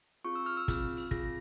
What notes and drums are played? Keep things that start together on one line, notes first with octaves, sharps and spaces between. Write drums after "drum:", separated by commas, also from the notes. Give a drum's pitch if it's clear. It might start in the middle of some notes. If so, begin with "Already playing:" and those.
C4 F4 G#4 C#6
E6
F6
E6
C4 F4 G#4, drum: kick, hi-hat
drum: open hi-hat
C4 F4 G#4 A#6, drum: kick